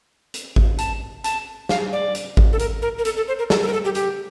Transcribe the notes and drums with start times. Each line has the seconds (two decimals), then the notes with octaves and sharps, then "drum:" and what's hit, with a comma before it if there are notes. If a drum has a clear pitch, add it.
0.34 drum: hi-hat
0.56 drum: kick G#1
0.78 A5, drum: hi-hat
1.24 A5, drum: hi-hat
1.69 F5, drum: snare
1.93 D5
2.15 drum: hi-hat
2.37 drum: kick G#1
2.53 A4
2.59 A#4, drum: hi-hat
2.82 A#4
2.98 A#4
3.05 A4, drum: hi-hat
3.17 A4
3.28 C5
3.39 A#4
3.50 A4, drum: snare
3.62 A4
3.67 A#4
3.73 A4
3.85 G4
3.95 G4, drum: hi-hat